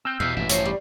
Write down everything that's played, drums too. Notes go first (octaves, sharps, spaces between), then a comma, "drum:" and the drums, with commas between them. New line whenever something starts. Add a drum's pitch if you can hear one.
C4 E6 F6 G6
E2 B2 G4 E5 F5
A1 G2 A#3 E5
F3 A3 D#4 C5 C#5 E5, drum: hi-hat
G3